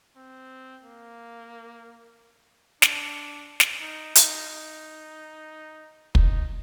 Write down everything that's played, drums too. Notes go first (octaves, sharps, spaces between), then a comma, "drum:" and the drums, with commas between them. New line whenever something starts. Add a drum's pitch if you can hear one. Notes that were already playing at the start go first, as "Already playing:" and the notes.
C4
A#3
D4, drum: snare
drum: snare
D#4
D#4, drum: hi-hat
D#4
D#4, drum: kick